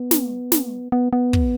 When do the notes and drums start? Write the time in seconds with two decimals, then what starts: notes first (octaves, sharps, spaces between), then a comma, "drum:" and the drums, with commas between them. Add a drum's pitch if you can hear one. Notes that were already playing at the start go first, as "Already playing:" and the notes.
Already playing: B3
0.11 drum: snare
0.52 drum: snare
0.92 B3
1.13 B3
1.33 drum: kick